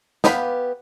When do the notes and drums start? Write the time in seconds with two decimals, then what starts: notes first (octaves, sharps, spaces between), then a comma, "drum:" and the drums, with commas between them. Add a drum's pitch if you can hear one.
0.24 B3 G4 B4 F5 B5, drum: snare